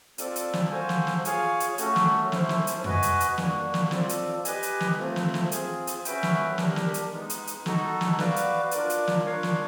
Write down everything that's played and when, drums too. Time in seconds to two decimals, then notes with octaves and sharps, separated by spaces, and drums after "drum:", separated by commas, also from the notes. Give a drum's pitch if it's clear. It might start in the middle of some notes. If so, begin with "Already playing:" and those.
0.18 C4 F4 A4 D5, drum: hi-hat
0.36 drum: hi-hat
0.53 drum: snare
0.71 F#4 A4 C5 F5 G#5
0.89 drum: snare
1.07 drum: snare
1.25 F4 G#4 C#5 F5 G#5, drum: hi-hat
1.60 drum: hi-hat
1.78 A3 C#4 F#4 A4, drum: hi-hat
1.96 drum: snare
2.32 C#4 E4 A4 C5, drum: snare
2.49 drum: snare
2.67 drum: hi-hat
2.84 F#4 B4 D#5 G#5, drum: tom F2
3.03 drum: hi-hat
3.20 drum: hi-hat
3.38 A#3 D4 F#4, drum: snare
3.74 drum: snare
3.91 C4 F4 A4 D5, drum: snare
4.09 drum: hi-hat
4.45 G4 B4 D#5 G#5, drum: hi-hat
4.63 drum: hi-hat
4.80 drum: snare
4.98 A3 C4 F4
5.16 drum: snare
5.34 drum: snare
5.52 C4 F4 G#4, drum: hi-hat
5.87 drum: hi-hat
6.05 C#4 F#4 B4 E5 G5, drum: hi-hat
6.23 drum: snare
6.58 D4 G4 A#4, drum: snare
6.76 drum: snare
6.94 drum: hi-hat
7.11 G#3 B3 D#4
7.30 drum: hi-hat
7.47 drum: hi-hat
7.66 D#4 F#4 A4, drum: snare
8.01 drum: snare
8.19 F#4 B4 D5 F5, drum: snare
8.36 drum: hi-hat
8.71 D4 F4 A#4 D5, drum: hi-hat
8.90 drum: hi-hat
9.07 drum: snare
9.25 D4 F4 A#4 C#5 F5
9.43 drum: snare